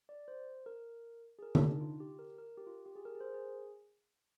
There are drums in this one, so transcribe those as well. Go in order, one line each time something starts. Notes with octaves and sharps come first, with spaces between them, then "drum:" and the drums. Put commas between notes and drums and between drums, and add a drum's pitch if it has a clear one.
D5
C5
A#4
G#4
A#4
D4, drum: tom D3
D#4
F4
G4
A#4
A#4
G4
F4
G4
G#4
A#4
G#4
C5
A#4
G#4